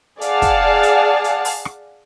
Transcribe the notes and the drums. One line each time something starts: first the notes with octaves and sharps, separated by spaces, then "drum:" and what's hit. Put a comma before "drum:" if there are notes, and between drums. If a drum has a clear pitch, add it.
G#4 D5 F5 F#5 A5, drum: hi-hat
drum: kick, hi-hat
drum: hi-hat
drum: hi-hat
drum: open hi-hat
drum: rim click